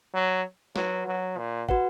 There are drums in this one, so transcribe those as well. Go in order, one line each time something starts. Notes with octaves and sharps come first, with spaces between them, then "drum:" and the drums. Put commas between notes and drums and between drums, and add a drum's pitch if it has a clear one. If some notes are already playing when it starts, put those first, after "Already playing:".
F#3
F#3 F#4 B4 F#5, drum: snare
F#3
A#2
F#4 B4 F#5, drum: kick